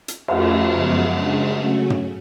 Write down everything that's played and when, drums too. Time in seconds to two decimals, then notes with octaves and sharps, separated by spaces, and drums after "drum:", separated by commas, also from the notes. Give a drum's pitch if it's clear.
0.08 drum: hi-hat
0.28 F2 F3 A3 C#4 F4, drum: cymbal
0.71 F#2 C#3 F3 G#3 B3
1.12 C#3 G#3 D4 G#4
1.53 C#3 F#3 A3 C#4 F#4
1.90 drum: tom